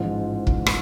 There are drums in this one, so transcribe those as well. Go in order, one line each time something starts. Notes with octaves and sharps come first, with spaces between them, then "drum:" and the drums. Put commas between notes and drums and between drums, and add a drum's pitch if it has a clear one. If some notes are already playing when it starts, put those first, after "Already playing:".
Already playing: A1 G#2 F3
drum: kick
drum: rim click